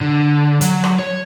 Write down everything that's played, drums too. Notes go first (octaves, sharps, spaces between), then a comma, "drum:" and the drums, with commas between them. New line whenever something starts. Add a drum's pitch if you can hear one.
D3
F#3, drum: hi-hat
drum: rim click
C#5